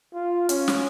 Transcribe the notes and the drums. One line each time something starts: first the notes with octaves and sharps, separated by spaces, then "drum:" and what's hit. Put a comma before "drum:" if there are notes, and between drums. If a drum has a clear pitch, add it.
F4
C#4, drum: hi-hat
drum: snare